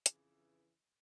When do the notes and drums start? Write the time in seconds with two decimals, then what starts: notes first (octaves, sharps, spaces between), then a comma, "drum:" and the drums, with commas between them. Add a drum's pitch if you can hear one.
0.06 F2 C#3 E3, drum: hi-hat